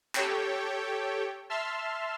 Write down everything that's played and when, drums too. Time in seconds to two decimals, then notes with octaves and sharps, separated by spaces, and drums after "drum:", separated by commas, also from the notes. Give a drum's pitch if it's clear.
0.15 G4 A4 C#5 G5, drum: clap
1.50 E5 A5 C6 E6 F6